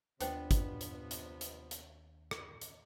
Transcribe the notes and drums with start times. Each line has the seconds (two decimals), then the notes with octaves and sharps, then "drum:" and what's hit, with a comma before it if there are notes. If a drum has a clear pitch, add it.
0.21 D#2 C3 F3 B3 D4 C5 G5, drum: hi-hat
0.51 drum: kick, hi-hat
0.81 drum: hi-hat
1.11 drum: hi-hat
1.41 drum: hi-hat
1.71 drum: hi-hat
2.31 drum: rim click
2.61 drum: hi-hat